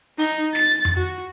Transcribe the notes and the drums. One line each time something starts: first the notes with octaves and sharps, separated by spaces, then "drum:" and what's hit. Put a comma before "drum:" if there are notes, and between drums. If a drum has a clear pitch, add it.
D#4, drum: open hi-hat
A6, drum: snare
drum: tom F2
F#4